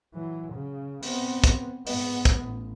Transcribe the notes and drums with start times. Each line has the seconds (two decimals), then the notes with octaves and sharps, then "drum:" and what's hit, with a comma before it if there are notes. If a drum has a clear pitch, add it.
0.14 E3 F#3
0.53 C#3
1.03 B3 C4, drum: open hi-hat
1.44 drum: kick, hi-hat
1.87 G#2 B3, drum: open hi-hat
2.25 drum: kick, hi-hat
2.42 A1